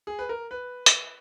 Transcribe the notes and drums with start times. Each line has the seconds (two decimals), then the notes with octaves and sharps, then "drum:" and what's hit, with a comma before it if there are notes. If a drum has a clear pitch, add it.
0.07 G#4
0.19 B4
0.29 A#4
0.51 B4
0.86 drum: hi-hat